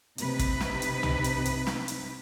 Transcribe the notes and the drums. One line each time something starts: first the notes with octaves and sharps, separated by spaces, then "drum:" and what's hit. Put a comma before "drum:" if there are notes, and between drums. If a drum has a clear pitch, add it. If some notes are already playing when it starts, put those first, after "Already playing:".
C3 D#4 B4, drum: hi-hat
drum: kick, hi-hat
drum: snare
drum: hi-hat
drum: tom C2
drum: hi-hat
drum: hi-hat
drum: snare
drum: hi-hat